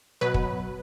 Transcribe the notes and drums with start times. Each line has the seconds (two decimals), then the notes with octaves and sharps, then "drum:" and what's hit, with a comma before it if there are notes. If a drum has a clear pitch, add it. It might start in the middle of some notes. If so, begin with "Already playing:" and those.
0.21 B2 F#3 B4
0.34 drum: kick